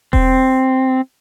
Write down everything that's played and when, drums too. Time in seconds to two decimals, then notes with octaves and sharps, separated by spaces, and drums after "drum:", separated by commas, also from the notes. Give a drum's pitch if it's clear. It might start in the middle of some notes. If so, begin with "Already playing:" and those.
0.13 C4, drum: kick E1